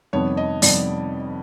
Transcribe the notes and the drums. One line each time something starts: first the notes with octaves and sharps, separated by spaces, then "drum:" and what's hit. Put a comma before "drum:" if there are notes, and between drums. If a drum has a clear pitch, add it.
F2 C3 D#3 G3 B3 C#5
D#5
F2 C3 D#3 G3 B3 D5, drum: open hi-hat